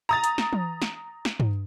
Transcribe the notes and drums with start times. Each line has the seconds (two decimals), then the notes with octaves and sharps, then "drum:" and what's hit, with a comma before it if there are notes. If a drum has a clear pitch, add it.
0.09 A#5 D#6 A6
0.24 drum: hi-hat
0.38 drum: snare
0.53 drum: tom
0.82 drum: snare
1.25 drum: snare
1.40 drum: tom G2